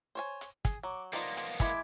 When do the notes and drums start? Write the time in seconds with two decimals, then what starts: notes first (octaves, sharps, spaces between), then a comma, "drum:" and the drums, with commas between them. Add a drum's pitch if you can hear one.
0.15 C5 C#5 G#5
0.41 drum: hi-hat
0.65 G#4, drum: kick, hi-hat
0.83 F#3 C#6 D6
1.13 F3 A#3 B3 D#4 D5 C6
1.37 drum: hi-hat
1.60 G#3 E4 B5 D6 G#6, drum: kick, hi-hat